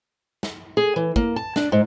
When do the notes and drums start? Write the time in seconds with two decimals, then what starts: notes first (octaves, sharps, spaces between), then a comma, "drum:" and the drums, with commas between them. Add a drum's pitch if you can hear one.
0.43 drum: snare
0.77 G#4
0.96 E3
1.16 A#3, drum: kick
1.36 A5
1.56 D4, drum: snare
1.72 G#2